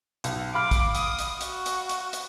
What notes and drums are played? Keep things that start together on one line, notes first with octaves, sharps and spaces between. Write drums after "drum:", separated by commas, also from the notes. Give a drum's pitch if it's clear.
B1, drum: hi-hat
F5 B5 D6 F6
drum: kick, hi-hat
D#6, drum: hi-hat
drum: hi-hat
F#4, drum: hi-hat
drum: hi-hat
drum: hi-hat
drum: hi-hat